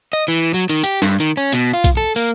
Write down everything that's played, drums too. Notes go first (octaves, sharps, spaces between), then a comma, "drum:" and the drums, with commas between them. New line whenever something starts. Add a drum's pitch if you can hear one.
D#5
E3
F#3
D#3, drum: hi-hat
G4, drum: hi-hat
G2, drum: snare
D#3, drum: hi-hat
C#4
B2, drum: hi-hat
F4
drum: kick B1, hi-hat
A4
A#3, drum: hi-hat